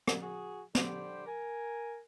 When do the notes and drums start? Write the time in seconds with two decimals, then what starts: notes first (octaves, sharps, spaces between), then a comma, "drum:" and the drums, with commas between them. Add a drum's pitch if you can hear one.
0.07 drum: rim click
0.21 F#4 G#4
0.75 D3 G3 G4 C5, drum: snare
1.27 A#4 G#5